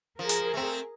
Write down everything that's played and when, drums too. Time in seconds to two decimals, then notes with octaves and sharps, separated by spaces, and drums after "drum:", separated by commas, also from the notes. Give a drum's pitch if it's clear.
0.19 F3 G#4 A#4
0.29 drum: hi-hat
0.54 A3 C4